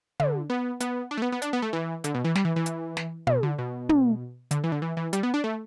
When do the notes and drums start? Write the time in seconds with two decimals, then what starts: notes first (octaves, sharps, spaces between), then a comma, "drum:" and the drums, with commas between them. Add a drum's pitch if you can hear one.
0.20 D3, drum: tom
0.50 B3
0.80 B3, drum: hi-hat
1.11 D4
1.18 A3
1.22 B3
1.32 B3
1.42 D4, drum: hi-hat
1.53 B3
1.62 A3
1.73 E3
2.04 D3, drum: hi-hat
2.15 B2
2.25 E3
2.35 G3, drum: snare
2.45 E3
2.56 E3
2.66 drum: hi-hat
2.97 drum: snare
3.27 B2, drum: tom
3.43 D3
3.59 B2
3.89 drum: tom
4.51 D3, drum: hi-hat
4.64 E3
4.72 D3
4.82 E3
4.97 E3
5.13 G3, drum: hi-hat
5.23 B3
5.34 D4
5.44 A3